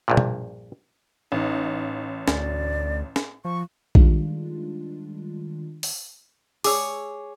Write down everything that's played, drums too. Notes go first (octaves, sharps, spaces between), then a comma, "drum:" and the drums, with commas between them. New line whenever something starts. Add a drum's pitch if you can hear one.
A#1 G2 A#2
drum: tom B2
A1 D#4
D2 D5, drum: snare
drum: snare
F3 C#6
D#3 G3 G#3 D4 F4, drum: kick A#1
drum: open hi-hat
G#4 C#5 D6 E6, drum: open hi-hat